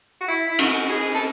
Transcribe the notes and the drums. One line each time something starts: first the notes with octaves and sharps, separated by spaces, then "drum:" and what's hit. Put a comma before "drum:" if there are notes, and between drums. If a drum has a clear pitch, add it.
F#4
E4
E4
F#4, drum: cymbal
G#4
A4